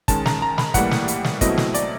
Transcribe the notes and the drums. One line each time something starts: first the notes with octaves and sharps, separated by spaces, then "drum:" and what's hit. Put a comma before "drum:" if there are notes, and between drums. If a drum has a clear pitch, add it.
D#3 G#3 C#4 A5, drum: kick, hi-hat
A#5, drum: snare
A#5
B5, drum: snare
A2 E3 G3 A#3 F#5, drum: kick, hi-hat
drum: snare
drum: hi-hat
drum: snare
B2 F#3 A3 C4 E4 D#5, drum: kick, hi-hat
drum: snare
D5, drum: hi-hat